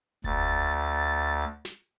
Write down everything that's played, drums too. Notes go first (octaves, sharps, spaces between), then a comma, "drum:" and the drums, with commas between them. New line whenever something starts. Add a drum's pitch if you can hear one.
D2 A6, drum: kick E1, hi-hat
drum: open hi-hat
drum: hi-hat
drum: hi-hat
drum: hi-hat
drum: snare